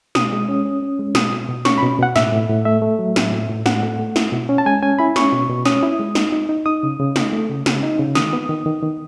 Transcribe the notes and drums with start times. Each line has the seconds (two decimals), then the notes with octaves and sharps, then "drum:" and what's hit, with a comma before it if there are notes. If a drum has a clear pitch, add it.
0.15 B2 D#6, drum: snare
0.32 G#3
0.49 C#4
0.65 C#4
0.82 C#4
0.99 G#3
1.15 B2 D#6, drum: snare
1.32 B2
1.49 B2
1.65 C#4 C#6, drum: snare
1.78 B2 B5
1.99 B2 F#5
2.16 A2 E5, drum: snare
2.32 A2
2.49 A2
2.65 A3 E5
2.82 A3
2.99 F#3
3.16 A2, drum: snare
3.32 A2
3.49 A2
3.66 A2 F#5, drum: snare
3.83 A3
3.99 A3
4.16 E4, drum: snare
4.32 B2
4.49 C#4
4.58 A5
4.66 G#3 G#5
4.83 C#4 G#5
4.99 E4 B5
5.16 C#4 C#6, drum: snare
5.33 B2
5.50 B2
5.65 C#4 D#6, drum: snare
5.83 E4
5.99 G#3
6.15 D#4, drum: snare
6.32 D#4
6.49 D#4
6.66 D#4 D#6
6.83 C#3
6.99 C#3
7.16 D#4, drum: snare
7.33 A3
7.50 C#3
7.66 C#3, drum: snare
7.83 D#4
7.99 C#3
8.15 D#3 D#6, drum: snare
8.33 B3
8.49 D#3
8.66 D#3
8.83 D#3